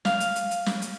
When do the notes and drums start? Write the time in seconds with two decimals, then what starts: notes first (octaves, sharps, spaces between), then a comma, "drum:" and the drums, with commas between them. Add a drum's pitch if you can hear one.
0.05 F5, drum: snare
0.20 drum: hi-hat
0.36 drum: hi-hat
0.51 drum: hi-hat
0.66 drum: snare
0.82 drum: hi-hat